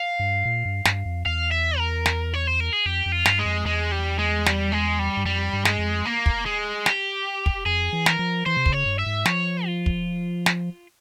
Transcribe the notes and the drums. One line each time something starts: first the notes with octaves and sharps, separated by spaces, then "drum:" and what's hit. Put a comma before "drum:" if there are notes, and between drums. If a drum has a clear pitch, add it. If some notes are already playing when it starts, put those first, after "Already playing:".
Already playing: F5
G2
A#2
G2
G2, drum: snare
F2
E2 F5
E5
A#4
drum: snare
C#5
C5
A#4
G#4
F2 G4
F2
F4
G2, drum: snare
G#3
F2
E2 G#3
G3
G#3
G3, drum: snare
G#3
G3
G2
F2 G3
G2
G#3, drum: snare
F2
A#3
drum: kick
G#3
G4, drum: snare
drum: kick
F2 G#4
E3
A#4, drum: snare
F3
E3 C5
C3
C#3, drum: kick
C#5
G2
E5
G#2
F3 C#5, drum: snare
F4
drum: kick
drum: snare